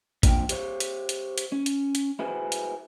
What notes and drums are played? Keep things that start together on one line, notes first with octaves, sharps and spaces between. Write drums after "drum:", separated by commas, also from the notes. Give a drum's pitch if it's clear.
E2 A#3 C4 D4 F4 G5, drum: kick, hi-hat
G4 C5 C#5, drum: hi-hat
drum: hi-hat
drum: hi-hat
drum: hi-hat
C#4
drum: hi-hat
drum: hi-hat
E4 F#4 G#4 B4 C5
drum: hi-hat